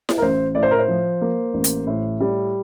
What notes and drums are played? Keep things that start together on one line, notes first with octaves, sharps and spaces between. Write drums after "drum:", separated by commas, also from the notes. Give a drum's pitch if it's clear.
drum: snare E4
A#4
A1 C5
A2 D5
C5
A#4
C5
F3
A#3
A1
drum: hi-hat
A2
G3